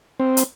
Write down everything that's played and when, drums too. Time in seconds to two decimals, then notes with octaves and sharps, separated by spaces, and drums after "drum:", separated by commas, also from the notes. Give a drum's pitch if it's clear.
0.20 C4
0.37 drum: hi-hat